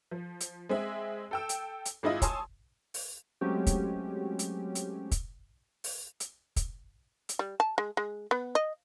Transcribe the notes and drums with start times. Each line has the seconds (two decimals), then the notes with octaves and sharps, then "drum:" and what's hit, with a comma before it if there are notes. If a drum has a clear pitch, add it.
0.11 F3
0.40 drum: hi-hat
0.69 G#3 C4 G#4 E5
1.31 A4 G5 E6
1.49 drum: hi-hat
1.85 drum: hi-hat
2.03 G#1 G#3 E4 F4 D#5
2.22 C#5 G#5 A5 C6 D#6 E6, drum: kick, hi-hat
2.94 drum: open hi-hat
3.41 F#3 G#3 A3 C4 C#4 G4
3.67 drum: kick, hi-hat
4.39 drum: hi-hat
4.75 drum: hi-hat
5.11 drum: kick, hi-hat
5.84 drum: open hi-hat
6.20 drum: hi-hat
6.56 drum: kick, hi-hat
7.29 drum: hi-hat
7.39 G3
7.60 A5
7.78 G#3
7.97 G#3
8.31 B3
8.55 D#5